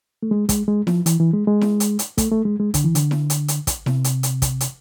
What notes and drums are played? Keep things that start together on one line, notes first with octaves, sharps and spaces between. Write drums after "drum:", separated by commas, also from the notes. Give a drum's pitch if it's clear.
A3
G#3
G#3, drum: kick, hi-hat
G#3
F3, drum: snare E4
E3, drum: hi-hat
E3
G#3
G#3
drum: snare E4
drum: hi-hat
drum: hi-hat
A3, drum: kick, hi-hat
A3
G#3
G#3
D3, drum: kick, hi-hat
E3
D3, drum: hi-hat
drum: snare E4
drum: hi-hat
drum: hi-hat
drum: kick, hi-hat
C3, drum: snare E4
drum: hi-hat
drum: hi-hat
drum: kick, hi-hat
drum: hi-hat